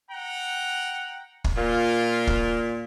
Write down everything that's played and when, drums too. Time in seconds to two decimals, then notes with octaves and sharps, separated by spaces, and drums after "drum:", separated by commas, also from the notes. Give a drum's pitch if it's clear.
0.11 F#5 G5 A#5
1.44 drum: kick
1.57 A#2 A#3 F4
2.27 drum: kick